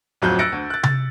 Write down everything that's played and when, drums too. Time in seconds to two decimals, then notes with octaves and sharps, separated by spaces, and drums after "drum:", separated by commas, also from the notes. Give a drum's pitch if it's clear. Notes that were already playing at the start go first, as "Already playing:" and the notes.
0.22 D1 F2 F#3 F#6 G6
0.39 E6 F#6 A6 A#6 C#7 D7
0.52 D2
0.70 F#6 A6
0.83 A6, drum: tom C3